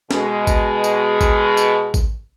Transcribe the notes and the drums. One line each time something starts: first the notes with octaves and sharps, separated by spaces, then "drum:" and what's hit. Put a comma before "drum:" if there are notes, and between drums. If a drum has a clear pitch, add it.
B2 G#3, drum: snare
drum: kick G#1, tambourine
drum: tambourine
drum: kick G#1, tambourine
drum: tambourine
drum: kick G#1, tambourine